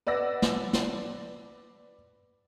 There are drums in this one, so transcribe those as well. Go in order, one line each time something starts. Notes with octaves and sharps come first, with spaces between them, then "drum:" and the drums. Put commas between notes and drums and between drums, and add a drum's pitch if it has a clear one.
B4 D5 F#5 E6 A#6
drum: snare
drum: snare